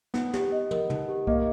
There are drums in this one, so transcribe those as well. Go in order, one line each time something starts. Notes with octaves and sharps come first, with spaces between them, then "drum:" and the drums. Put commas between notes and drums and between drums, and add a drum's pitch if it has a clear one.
B3 D#4, drum: snare
G4, drum: snare
D#5
A#4, drum: tom
D#4, drum: tom
G4
A#3 D#5, drum: kick C2